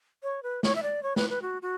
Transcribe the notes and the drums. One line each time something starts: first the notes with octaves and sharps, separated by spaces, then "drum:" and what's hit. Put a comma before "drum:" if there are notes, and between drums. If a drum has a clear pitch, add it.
C#5
B4
C#5, drum: snare
E5
D5
C#5
B4, drum: snare
B4
F#4
F#4